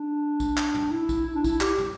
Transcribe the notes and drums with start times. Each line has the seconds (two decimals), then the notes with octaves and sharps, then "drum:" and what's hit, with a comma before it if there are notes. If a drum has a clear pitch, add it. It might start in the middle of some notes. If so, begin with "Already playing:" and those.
Already playing: D4
0.40 drum: kick B1, tambourine
0.57 drum: clap
0.75 drum: tom
0.91 E4
1.09 drum: kick B1, tambourine
1.26 E4
1.35 D4
1.44 E4, drum: kick B1, tambourine
1.61 G4, drum: clap
1.78 drum: tom